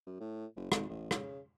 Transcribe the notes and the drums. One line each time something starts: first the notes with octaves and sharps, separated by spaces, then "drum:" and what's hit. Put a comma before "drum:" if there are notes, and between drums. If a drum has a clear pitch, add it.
F#2
A2
F#1
G#1, drum: rim click
A1
C#3, drum: rim click